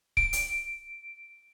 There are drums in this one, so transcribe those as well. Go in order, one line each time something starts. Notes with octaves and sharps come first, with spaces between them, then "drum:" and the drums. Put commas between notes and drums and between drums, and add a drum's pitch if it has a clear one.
D7, drum: kick C#1
drum: hi-hat